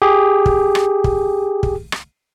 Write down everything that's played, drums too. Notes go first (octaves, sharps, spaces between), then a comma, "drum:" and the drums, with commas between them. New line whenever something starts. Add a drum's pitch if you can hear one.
G4 G#4
drum: kick
drum: rim click
drum: kick
drum: kick
drum: rim click